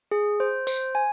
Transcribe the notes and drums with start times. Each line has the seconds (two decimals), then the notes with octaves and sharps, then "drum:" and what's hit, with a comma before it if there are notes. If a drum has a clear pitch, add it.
0.11 G#4
0.40 C5
0.67 C5, drum: tambourine
0.95 G#5